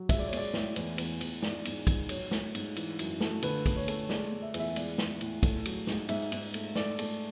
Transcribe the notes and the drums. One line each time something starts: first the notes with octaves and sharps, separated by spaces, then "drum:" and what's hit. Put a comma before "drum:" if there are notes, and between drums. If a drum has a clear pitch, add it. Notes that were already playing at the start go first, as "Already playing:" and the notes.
Already playing: F#3
G#3 E5, drum: kick, cymbal
D5
C#5
G#3 D5, drum: cymbal
A2, drum: snare
E2, drum: cymbal
E2, drum: cymbal
E2, drum: cymbal
G#2 D5, drum: snare
G#2, drum: cymbal
G#2, drum: kick, cymbal
F#3 C#5, drum: cymbal
A3, drum: snare
G#2, drum: cymbal
E3, drum: cymbal
F#2, drum: cymbal
A3, drum: snare
D3 B4, drum: cymbal
A3, drum: kick, cymbal
C#5
A3, drum: cymbal
G#3 D5, drum: snare
G#3
E5
E2, drum: cymbal
E5
G#3 D5, drum: cymbal
A2, drum: snare
A2, drum: cymbal
A3, drum: kick, cymbal
F#3, drum: cymbal
G#2, drum: snare
G#2 E5, drum: cymbal
G#2, drum: cymbal
A3, drum: cymbal
A3 D5, drum: snare
A3, drum: cymbal